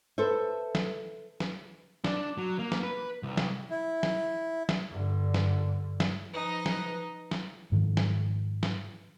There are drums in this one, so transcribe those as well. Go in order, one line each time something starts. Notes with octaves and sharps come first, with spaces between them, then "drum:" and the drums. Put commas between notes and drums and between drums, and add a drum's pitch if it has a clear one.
A4 B4 C5 E5
drum: snare
drum: snare
D4, drum: snare
F#3
A#3
drum: snare
B4
C2
drum: snare
E4
drum: snare
drum: snare
G2 D3
drum: snare
drum: snare
F3 D#4 B4
drum: snare
drum: snare
G#2 D#3 F3
drum: snare
drum: snare